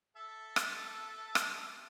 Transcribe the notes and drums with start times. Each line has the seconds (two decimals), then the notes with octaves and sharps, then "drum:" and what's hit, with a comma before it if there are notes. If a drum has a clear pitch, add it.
0.17 A4 E5 A5
0.56 drum: rim click
1.35 drum: rim click